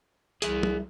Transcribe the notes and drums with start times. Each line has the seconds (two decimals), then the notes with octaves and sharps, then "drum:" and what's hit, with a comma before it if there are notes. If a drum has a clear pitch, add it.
0.42 C2 G#4 E5, drum: hi-hat
0.63 drum: tom